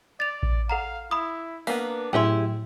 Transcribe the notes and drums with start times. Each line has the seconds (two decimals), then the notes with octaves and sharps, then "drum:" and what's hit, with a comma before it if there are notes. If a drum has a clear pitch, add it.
0.20 D5 A6 F7
0.43 drum: kick A1
0.69 A4 F5 F#5 A#5
1.11 E4 B5 D#6
1.67 A#3 B3 D4 F5, drum: open hi-hat
2.13 A2 F#3 E4 G4 G#4 G5 C6